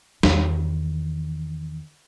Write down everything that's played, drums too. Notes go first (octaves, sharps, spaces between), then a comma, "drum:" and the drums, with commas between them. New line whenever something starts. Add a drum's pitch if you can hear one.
E2 D#3, drum: snare